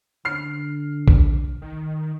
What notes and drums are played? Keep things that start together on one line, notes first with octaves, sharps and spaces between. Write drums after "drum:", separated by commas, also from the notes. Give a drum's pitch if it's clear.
D3 F6 C7
drum: kick B1
D#3